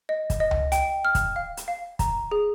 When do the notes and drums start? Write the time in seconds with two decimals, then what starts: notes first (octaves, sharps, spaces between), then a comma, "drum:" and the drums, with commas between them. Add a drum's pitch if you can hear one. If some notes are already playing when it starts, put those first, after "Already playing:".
0.09 D#5
0.30 drum: kick, hi-hat
0.40 D#5
0.51 drum: tom C#2
0.72 G5, drum: hi-hat
1.05 F6
1.15 drum: kick, hi-hat
1.36 F5
1.57 drum: hi-hat
1.68 F5
1.99 A#5, drum: kick, hi-hat
2.31 G#4